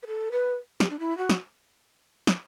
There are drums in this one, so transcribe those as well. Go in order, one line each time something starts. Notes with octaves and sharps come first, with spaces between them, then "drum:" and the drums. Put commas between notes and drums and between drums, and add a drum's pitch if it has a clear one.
B4
A4
B4
G4, drum: snare
D4
E4
F#4
drum: snare
drum: snare